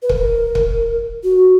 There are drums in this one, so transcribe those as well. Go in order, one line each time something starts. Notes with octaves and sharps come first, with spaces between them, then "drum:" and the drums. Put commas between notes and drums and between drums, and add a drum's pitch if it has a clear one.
B4
A#4, drum: kick
drum: kick
F#4